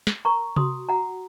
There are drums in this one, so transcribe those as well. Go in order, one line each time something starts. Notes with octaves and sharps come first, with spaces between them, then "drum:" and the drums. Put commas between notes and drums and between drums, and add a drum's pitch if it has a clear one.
drum: snare
A#4 A#5 C#6
F#4 C6 D#6, drum: tom C3
F#4 F#5 A#5